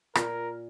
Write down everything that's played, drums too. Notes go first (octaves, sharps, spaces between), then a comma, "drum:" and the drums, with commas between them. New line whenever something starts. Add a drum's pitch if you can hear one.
A#2 A#4, drum: rim click